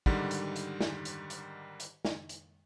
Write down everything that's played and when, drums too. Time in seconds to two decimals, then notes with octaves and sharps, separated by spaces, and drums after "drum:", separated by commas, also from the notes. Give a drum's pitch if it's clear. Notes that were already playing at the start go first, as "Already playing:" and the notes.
0.06 G#2 D3 D#3 G3 F#5, drum: kick
0.31 drum: hi-hat
0.56 drum: hi-hat
0.80 drum: snare
1.05 drum: hi-hat
1.30 drum: hi-hat
1.80 drum: hi-hat
2.05 drum: snare
2.29 drum: hi-hat